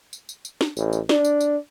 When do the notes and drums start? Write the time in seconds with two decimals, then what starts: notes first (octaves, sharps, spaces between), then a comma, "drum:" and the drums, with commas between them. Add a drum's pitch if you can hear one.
0.13 drum: tambourine
0.29 drum: tambourine
0.45 drum: tambourine
0.61 drum: snare
0.77 A1, drum: tambourine
0.93 drum: tambourine
1.09 D4, drum: snare
1.25 drum: tambourine
1.40 drum: tambourine